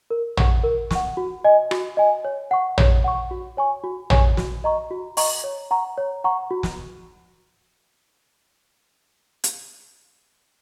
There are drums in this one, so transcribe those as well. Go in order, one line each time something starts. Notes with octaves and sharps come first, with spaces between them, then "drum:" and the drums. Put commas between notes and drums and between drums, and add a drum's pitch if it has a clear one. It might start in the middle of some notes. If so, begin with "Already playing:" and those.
A#4
F#5 C#6, drum: tom
A#4
F#5 C#6, drum: snare
F#4
D#5 G#5
F#4, drum: rim click
D#5 G#5
C#5
F#5 C#6
C#5, drum: tom
F#5 C#6
F#4
C#5 G#5 C#6
F#4
C#5 G#5 C#6, drum: tom
F#4, drum: snare
D#5 A#5 C#6
F#4
D#5 A#5 C#6, drum: open hi-hat
C#5
F#5 A#5 C#6
C#5
F#5 A#5 C#6
F#4
drum: snare
drum: hi-hat